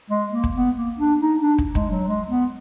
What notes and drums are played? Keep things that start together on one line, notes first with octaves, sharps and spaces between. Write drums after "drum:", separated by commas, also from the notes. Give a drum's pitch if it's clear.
G#3
A#3
drum: kick
B3
A#3
D4
D#4
D4
drum: kick
G#3, drum: kick
F#3
G#3
B3